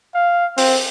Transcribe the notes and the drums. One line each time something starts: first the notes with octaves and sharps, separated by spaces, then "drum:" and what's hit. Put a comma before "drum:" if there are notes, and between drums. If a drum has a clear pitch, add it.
F5
C4, drum: open hi-hat